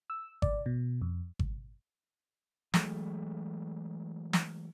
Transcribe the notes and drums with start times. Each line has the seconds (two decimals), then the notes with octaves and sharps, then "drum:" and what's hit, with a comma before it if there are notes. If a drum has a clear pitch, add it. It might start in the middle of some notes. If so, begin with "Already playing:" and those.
0.10 E6
0.42 D5, drum: kick G#1
0.66 B2
1.02 F2
1.39 drum: kick G#1
2.74 E3 F#3 G#3 A3, drum: snare
4.33 drum: snare